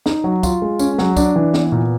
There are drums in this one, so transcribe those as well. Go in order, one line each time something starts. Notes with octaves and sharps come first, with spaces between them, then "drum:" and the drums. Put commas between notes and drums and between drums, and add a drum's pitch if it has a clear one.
D#4, drum: snare
F#3
F4, drum: kick, tambourine
G#3
C#4, drum: tambourine
F#3, drum: snare
D4, drum: kick, tambourine
E3
B3, drum: snare
A#2